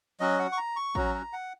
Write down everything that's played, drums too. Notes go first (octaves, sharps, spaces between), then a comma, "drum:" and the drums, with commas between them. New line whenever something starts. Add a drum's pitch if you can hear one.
F#3 C#4 F#4 D#5
F#5
C#6
A#5
C#6
F#3 C#4 F#4 A#5, drum: kick A1
A#5
F#5